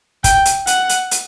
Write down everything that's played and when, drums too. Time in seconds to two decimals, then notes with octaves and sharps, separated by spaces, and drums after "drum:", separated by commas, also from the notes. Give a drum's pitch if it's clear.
0.24 G5, drum: kick, hi-hat
0.45 drum: hi-hat
0.67 F#5, drum: hi-hat
0.89 drum: hi-hat
1.11 drum: hi-hat